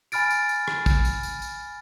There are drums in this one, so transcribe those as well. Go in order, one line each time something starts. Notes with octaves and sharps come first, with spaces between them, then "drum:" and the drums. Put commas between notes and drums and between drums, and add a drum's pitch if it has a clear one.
G#5 B5 F6 A6 D7, drum: tambourine
drum: tambourine
drum: tambourine
drum: rim click
drum: kick, tambourine
drum: tambourine
drum: tambourine
drum: tambourine